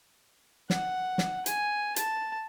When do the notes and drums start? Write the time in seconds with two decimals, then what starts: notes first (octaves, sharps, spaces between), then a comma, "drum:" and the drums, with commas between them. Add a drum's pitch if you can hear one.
0.70 F#5, drum: snare
1.18 drum: snare
1.46 G#5, drum: hi-hat
1.96 A5, drum: hi-hat